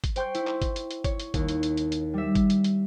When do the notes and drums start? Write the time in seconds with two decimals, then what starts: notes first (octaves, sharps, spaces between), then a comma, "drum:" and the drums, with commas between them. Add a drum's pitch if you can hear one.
0.04 drum: kick, hi-hat
0.16 C5 G5 C6 C#6 G6, drum: hi-hat
0.35 E4, drum: hi-hat
0.47 drum: clap
0.62 drum: kick, hi-hat
0.76 drum: hi-hat
0.91 drum: hi-hat
1.04 C#5, drum: kick, hi-hat
1.20 drum: hi-hat
1.34 D#2, drum: kick, hi-hat
1.48 drum: hi-hat
1.63 drum: hi-hat
1.77 drum: hi-hat
1.92 drum: hi-hat
2.14 G3 E5
2.35 drum: kick, hi-hat
2.50 drum: hi-hat
2.64 drum: hi-hat